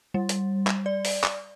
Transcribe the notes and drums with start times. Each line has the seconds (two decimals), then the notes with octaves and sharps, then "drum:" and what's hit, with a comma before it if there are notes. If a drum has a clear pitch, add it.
0.14 G3
0.29 drum: hi-hat
0.67 drum: clap
0.86 D5
1.05 drum: open hi-hat
1.24 drum: clap